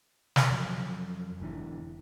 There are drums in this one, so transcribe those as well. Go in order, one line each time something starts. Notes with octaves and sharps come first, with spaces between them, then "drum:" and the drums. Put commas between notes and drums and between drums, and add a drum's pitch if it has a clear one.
drum: snare
F2 F3 F#3
F1 G#2 D3 E3